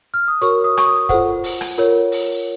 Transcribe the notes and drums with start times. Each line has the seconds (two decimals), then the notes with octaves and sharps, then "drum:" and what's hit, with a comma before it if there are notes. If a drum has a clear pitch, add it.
0.14 F6
0.28 D#6
0.41 F#4 A#4 C#5 C#6, drum: hi-hat
0.64 D#6
0.77 C#6, drum: rim click
0.86 D#6
1.09 F4 A4 C5 F#5, drum: kick, hi-hat
1.44 drum: open hi-hat
1.61 drum: rim click
1.78 F4 A#4 C#5, drum: hi-hat
2.12 drum: open hi-hat